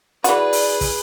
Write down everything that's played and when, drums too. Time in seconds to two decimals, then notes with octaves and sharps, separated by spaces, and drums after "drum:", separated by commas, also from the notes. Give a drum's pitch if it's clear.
0.24 E3 F#4 G#4 B4 D5, drum: hi-hat
0.53 drum: open hi-hat
0.81 drum: kick, open hi-hat